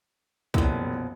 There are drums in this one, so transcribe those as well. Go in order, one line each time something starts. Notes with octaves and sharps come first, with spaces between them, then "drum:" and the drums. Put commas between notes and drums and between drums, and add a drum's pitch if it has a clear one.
F#1 C2 F2 B2 E3, drum: kick